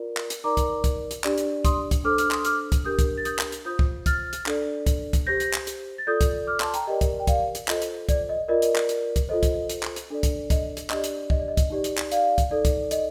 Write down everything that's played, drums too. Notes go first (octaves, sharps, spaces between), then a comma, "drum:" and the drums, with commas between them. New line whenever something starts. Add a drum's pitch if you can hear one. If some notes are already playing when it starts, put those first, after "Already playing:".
Already playing: F4 A#4 D5
drum: clap
drum: hi-hat
D#4 A#4 D5 A#5 D6
drum: kick C2, hi-hat
drum: kick C2, hi-hat
drum: hi-hat
D4 G4 D5, drum: clap
drum: hi-hat
C6 D#6, drum: kick C2, hi-hat
drum: kick C2, hi-hat
D4 A4 C5 D6 F6
D6 F6, drum: hi-hat
C6 D#6, drum: clap
D6 F6, drum: hi-hat
drum: kick C2, hi-hat
D4 G4 A#4 D#6 G6
drum: kick C2, hi-hat
A6
D#6 G6, drum: hi-hat
drum: clap
drum: hi-hat
F4 C5 D#6 G6
drum: kick C2
F6 A6, drum: kick C2, hi-hat
drum: hi-hat
D4 A4 D5, drum: clap
drum: kick C2, hi-hat
drum: kick C2, hi-hat
G4 C5 G6 A#6
drum: hi-hat
drum: clap
drum: hi-hat
A6
F4 A4 D5 D#6 G6
drum: kick C2, hi-hat
D6 F6
D6
A5 C6, drum: clap
G5 A#5, drum: hi-hat
G4 A#4 D5 D#5 G5
drum: kick C2, hi-hat
G5
D5 F5, drum: kick C2, hi-hat
drum: hi-hat
F4 A4 C5 D#5, drum: clap
drum: hi-hat
D5, drum: kick C2, hi-hat
D#5
F4 A#4 D5 D#5
drum: hi-hat
drum: clap
drum: hi-hat
drum: kick C2, hi-hat
F4 A4 C5 D#5
drum: kick C2, hi-hat
drum: hi-hat
drum: clap
drum: hi-hat
D4 A4 D5
drum: kick C2, hi-hat
D#5, drum: kick C2, hi-hat
drum: hi-hat
D4 G4 D5 D#5, drum: clap
drum: hi-hat
D#5, drum: kick C2
D5
D#5
drum: kick C2, hi-hat
D#4 G4 D5
drum: hi-hat
drum: clap
D5 F5, drum: hi-hat
drum: kick C2, hi-hat
D#4 A4 D5
drum: kick C2, hi-hat
D#5, drum: hi-hat